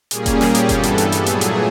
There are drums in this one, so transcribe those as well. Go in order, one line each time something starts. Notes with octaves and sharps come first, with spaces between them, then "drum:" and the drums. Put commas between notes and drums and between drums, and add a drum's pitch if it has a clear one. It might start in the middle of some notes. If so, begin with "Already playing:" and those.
A#2 G3 A#3 C#4 G#4, drum: hi-hat
drum: kick F1, hi-hat
G4, drum: snare
drum: hi-hat
G2 E3 G3 B3 A4, drum: kick F1, hi-hat
drum: hi-hat
drum: hi-hat
drum: hi-hat
A#2 F#3 A3 G#4, drum: hi-hat
drum: hi-hat